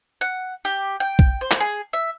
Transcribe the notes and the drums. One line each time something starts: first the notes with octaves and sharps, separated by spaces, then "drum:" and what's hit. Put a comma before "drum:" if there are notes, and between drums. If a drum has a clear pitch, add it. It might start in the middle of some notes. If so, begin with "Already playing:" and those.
F#5
G4
G5
drum: kick
C5
drum: clap
G#4
E5